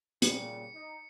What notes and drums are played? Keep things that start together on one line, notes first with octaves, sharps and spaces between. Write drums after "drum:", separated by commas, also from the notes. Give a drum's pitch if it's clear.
A#2 C#3 G3 C#7, drum: hi-hat
D#4